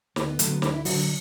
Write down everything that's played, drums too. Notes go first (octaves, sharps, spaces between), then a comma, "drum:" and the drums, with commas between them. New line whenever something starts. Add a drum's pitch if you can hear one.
D2 B3, drum: snare
B3
D3 F#3 A3, drum: hi-hat
B3
D2 D4, drum: snare
E4
D3 F#3 F#4, drum: open hi-hat
D4